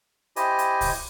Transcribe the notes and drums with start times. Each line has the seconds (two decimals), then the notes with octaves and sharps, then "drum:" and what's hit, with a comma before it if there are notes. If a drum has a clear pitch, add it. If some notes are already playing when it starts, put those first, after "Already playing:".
0.36 E4 G4 C5 D#5 G#5, drum: hi-hat
0.59 drum: hi-hat
0.81 drum: kick C2, open hi-hat